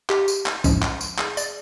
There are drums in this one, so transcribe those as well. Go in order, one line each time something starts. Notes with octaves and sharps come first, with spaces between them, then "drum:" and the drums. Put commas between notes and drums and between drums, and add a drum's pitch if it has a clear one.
G4, drum: clap
drum: tambourine
drum: clap
A2 F3 G#3 C#4, drum: kick B1, tambourine
drum: clap
drum: tambourine
G#4, drum: clap
D5, drum: tambourine